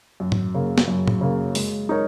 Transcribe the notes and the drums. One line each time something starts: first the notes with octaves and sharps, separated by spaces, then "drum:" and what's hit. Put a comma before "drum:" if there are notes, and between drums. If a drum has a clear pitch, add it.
F#2
drum: tom G#2
C#3 A#3
drum: snare
F#2
drum: tom A2
C#3 A#3
G#3, drum: open hi-hat
D#4 A#4 C#5